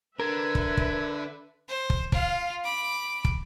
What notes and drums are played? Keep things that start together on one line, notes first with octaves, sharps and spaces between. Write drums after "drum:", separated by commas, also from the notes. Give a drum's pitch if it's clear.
D3 A#4 B4 E5 G#6
drum: kick
drum: kick
C5
drum: kick
F4 F5, drum: kick
B5 D6
drum: kick